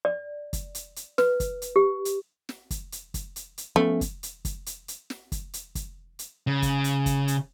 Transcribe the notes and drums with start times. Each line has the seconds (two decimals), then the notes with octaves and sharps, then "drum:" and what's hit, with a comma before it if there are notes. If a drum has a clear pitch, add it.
0.05 D5
0.53 drum: kick, hi-hat
0.75 drum: hi-hat
0.96 drum: hi-hat
1.18 B4, drum: snare
1.40 drum: kick, hi-hat
1.62 drum: hi-hat
1.76 G4
2.05 drum: hi-hat
2.49 drum: snare
2.71 drum: kick, hi-hat
2.92 drum: hi-hat
3.14 drum: kick, hi-hat
3.36 drum: hi-hat
3.58 drum: hi-hat
3.76 F3 A3 B3 C#4
4.01 drum: kick, hi-hat
4.23 drum: hi-hat
4.45 drum: kick, hi-hat
4.66 drum: hi-hat
4.88 drum: hi-hat
5.10 drum: snare
5.32 drum: kick, hi-hat
5.54 drum: hi-hat
5.75 drum: kick, hi-hat
6.19 drum: hi-hat
6.47 C#3
6.62 drum: kick, hi-hat
6.84 drum: hi-hat
7.06 drum: kick, hi-hat
7.28 drum: hi-hat